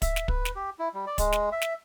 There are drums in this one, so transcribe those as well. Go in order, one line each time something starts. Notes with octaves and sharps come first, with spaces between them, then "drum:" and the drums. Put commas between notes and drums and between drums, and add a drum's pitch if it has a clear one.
E5, drum: kick, hi-hat
drum: snare
B4, drum: kick
drum: snare
G4
E4
G3
D5
G#3, drum: kick, hi-hat
drum: snare
E5
drum: snare